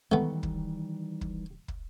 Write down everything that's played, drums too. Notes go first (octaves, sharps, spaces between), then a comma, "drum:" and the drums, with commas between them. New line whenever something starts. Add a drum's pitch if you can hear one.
D#3 E3 G3 A3 B3
drum: kick
drum: kick
drum: kick